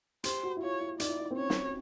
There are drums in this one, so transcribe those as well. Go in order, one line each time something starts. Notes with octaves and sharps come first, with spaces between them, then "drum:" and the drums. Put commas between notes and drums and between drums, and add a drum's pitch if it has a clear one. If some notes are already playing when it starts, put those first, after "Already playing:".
G4 C5, drum: hi-hat
F#4
E4
F4 C#5
E4
D#4 D5, drum: hi-hat
E4
D#4
C4
C#4 C#5
drum: snare